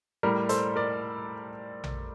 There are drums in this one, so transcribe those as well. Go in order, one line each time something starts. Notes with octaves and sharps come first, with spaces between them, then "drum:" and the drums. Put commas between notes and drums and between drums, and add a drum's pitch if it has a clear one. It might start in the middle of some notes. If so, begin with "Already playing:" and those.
A2 G3 A#4
A4 C5, drum: hi-hat
A#4 D5
drum: tom A#1